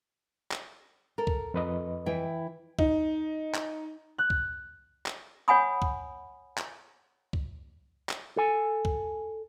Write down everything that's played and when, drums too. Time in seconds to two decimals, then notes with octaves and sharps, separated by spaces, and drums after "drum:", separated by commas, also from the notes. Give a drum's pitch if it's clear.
0.51 drum: clap
1.18 A4 A#4
1.27 drum: kick C2
1.54 F2 B4 D#5
2.06 E3 E4 G5
2.79 D#4, drum: kick C2
3.54 drum: clap
4.18 F#6
4.30 drum: kick C2
5.06 drum: clap
5.48 C#5 F#5 G#5 B5 D#6
5.82 drum: kick C2
6.57 drum: clap
7.33 drum: kick C2
8.09 drum: clap
8.37 A4 G#5
8.85 drum: kick C2